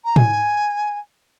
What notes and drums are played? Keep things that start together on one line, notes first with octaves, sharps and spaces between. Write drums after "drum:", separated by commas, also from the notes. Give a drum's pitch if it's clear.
A#5
G#5, drum: tom